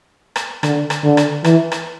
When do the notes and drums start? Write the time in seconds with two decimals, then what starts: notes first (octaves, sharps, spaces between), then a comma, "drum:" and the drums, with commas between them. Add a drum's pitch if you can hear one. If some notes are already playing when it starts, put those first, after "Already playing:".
0.36 drum: rim click
0.63 D3, drum: rim click
0.90 drum: rim click
1.04 D3
1.17 drum: rim click
1.44 E3, drum: rim click
1.72 drum: rim click